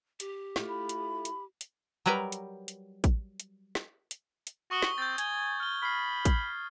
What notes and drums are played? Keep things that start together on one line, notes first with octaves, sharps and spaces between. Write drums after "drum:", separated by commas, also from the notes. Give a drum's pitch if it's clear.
G4, drum: hi-hat
A3 E4 F4, drum: snare
B5
drum: hi-hat
drum: hi-hat
drum: hi-hat
F#3 G3 A#4 B4 A#5
drum: hi-hat
drum: hi-hat
drum: kick A1, hi-hat
drum: hi-hat
drum: snare
drum: hi-hat
drum: hi-hat
F#4 C#6 D#6 G7
drum: snare
C4 G6 A6
G#5 G#6 G7, drum: hi-hat
F6 G7
B5 F6 C7
drum: kick A1, hi-hat